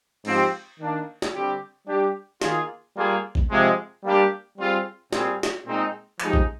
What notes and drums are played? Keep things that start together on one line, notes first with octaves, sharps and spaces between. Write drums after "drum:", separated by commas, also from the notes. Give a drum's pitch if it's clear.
G#2 F3 C4 G4, drum: cymbal
D#3 A#3 D4
drum: snare
D3 G3 C4 G4
G3 D4 G4
D#3 A#3 F4 G#4, drum: snare
G3 A#3 F4 G#4
drum: kick A#1
C3 F3 G#3
G3 A#3 D4 G4
G3 C4 F4 G#4
A#2 G3 C4 F4 G#4, drum: snare
drum: snare
A#2 G#3 C4 D#4
F3 G#3 D#4 G4, drum: clap
drum: kick A#1